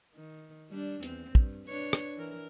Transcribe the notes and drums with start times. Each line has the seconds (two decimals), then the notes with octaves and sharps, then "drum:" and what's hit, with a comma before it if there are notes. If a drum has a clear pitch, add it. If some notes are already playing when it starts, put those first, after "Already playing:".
0.15 D#3
0.70 G3 D4
1.03 E2 C4, drum: hi-hat
1.35 G2, drum: kick
1.68 D4 B4 C#5
1.93 drum: rim click
2.16 E3 A#4